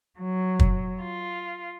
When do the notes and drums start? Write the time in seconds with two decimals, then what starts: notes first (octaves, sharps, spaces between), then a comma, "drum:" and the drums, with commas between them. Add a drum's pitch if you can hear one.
0.18 F#3
0.59 drum: kick
1.01 F4